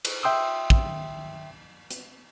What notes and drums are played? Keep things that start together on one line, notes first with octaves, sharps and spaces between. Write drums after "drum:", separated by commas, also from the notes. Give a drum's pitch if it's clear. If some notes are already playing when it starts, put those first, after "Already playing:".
drum: cymbal
E5 G5 C6 D#6 E6
drum: kick
drum: hi-hat